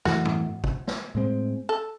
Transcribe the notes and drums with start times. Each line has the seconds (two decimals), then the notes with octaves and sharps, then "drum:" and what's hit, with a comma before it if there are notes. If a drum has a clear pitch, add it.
0.05 F#2 E3 A3 F#4, drum: snare
0.25 drum: tom G#2
0.64 drum: kick
0.87 drum: snare
1.15 A2 G#3 C4
1.69 A4